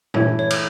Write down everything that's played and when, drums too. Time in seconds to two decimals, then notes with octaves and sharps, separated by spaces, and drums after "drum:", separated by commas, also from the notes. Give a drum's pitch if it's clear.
0.14 E3 A3 E4 A4 C#5, drum: tom A#2
0.39 C#5
0.50 drum: cymbal